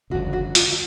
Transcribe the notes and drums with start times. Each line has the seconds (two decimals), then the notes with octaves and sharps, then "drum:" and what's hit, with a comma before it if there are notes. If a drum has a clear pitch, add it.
0.10 G1 F2 C#3 F#4
0.33 F#4
0.55 F4, drum: hi-hat